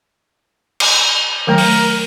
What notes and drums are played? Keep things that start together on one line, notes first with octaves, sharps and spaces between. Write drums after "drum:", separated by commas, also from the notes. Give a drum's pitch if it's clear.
drum: cymbal
D#3 F#3 A3 A#4
drum: open hi-hat